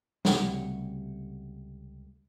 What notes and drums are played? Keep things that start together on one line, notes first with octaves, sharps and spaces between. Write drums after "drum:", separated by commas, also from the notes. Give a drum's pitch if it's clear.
C#2 C3 G3 A3 F#4, drum: snare